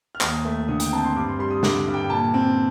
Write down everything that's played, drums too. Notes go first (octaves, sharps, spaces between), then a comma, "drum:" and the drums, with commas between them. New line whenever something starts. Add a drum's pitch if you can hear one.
F6
D#2 D#6, drum: clap
A3
D3 D#6
G5, drum: hi-hat
C4 A5
C6
G2 D6
C6
G3 C6
D#6
D3 D6, drum: snare
G2
G5
A#2 A5
C4